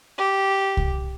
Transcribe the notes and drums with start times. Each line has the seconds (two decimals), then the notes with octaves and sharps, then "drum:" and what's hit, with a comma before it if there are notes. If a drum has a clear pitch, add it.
0.17 G4
0.77 drum: kick C2